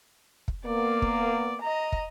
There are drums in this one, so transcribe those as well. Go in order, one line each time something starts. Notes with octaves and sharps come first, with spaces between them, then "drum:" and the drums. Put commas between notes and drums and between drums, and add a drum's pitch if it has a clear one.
drum: kick
A#3 B3 D5
drum: kick
D#5 A#5
drum: kick